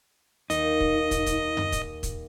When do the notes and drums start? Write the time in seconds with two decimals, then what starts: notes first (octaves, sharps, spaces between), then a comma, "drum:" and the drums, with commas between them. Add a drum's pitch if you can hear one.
0.50 D#2 D#4 D#5, drum: hi-hat
0.80 drum: kick
1.11 drum: kick, hi-hat
1.26 drum: kick, hi-hat
1.57 drum: tom F#2
1.72 drum: kick, hi-hat
2.03 drum: kick, hi-hat